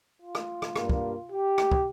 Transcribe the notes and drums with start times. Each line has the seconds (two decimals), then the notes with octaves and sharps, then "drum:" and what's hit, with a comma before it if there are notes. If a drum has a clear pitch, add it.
0.21 F4
0.35 drum: rim click
0.62 drum: rim click
0.76 G2 G3 A#3, drum: rim click
0.89 drum: kick
1.30 G4
1.58 drum: rim click
1.72 drum: kick